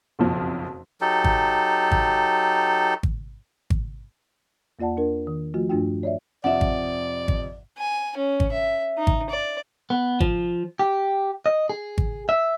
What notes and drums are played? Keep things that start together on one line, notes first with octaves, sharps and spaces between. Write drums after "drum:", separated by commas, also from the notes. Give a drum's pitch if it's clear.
F#1 B1 F2 F3
F#3 D#4 G4 A4
drum: kick G#1
drum: kick G#1
drum: kick G#1
drum: kick G#1
E2 A#3 F4 D5 F#5 A5
D4 A#4
D#3
F3 A3 F4 F#4
G2 A3 D4 F4 F#4 G5
C#5 D5 E5
F2 C3 F3 D5 E5 F#5
drum: kick G#1
drum: kick G#1
G#5
C#4
drum: kick G#1
E5
D#4
drum: kick G#1
D5
B3
F3, drum: kick G#1
G4
D#5
G#4
drum: kick G#1
E5